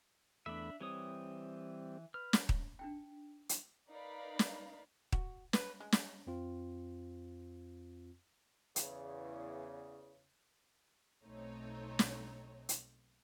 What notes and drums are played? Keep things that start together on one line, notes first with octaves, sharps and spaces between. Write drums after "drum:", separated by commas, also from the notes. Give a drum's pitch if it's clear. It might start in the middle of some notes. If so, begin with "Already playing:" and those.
E2 A3 D4 E5 B5
E3 G3 C4 C#5 D#6
B4 F6
drum: snare
drum: kick D#1
D4 D#4 G5
drum: hi-hat
D#4 A#4 B4 D5 F5 B5
drum: snare
F#4, drum: kick D#1
B4, drum: snare
G#3
drum: snare
F2 C4 F4
E2 C#3, drum: hi-hat
B1 A3 C4 D#4 C#5
drum: snare
drum: hi-hat